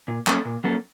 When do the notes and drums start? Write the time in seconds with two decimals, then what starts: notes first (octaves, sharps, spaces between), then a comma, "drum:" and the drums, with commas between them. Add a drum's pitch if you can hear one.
0.08 A#2
0.27 F#3 A#3 C#4 A4, drum: clap
0.45 A#2
0.64 F#3 A#3 C#4 A4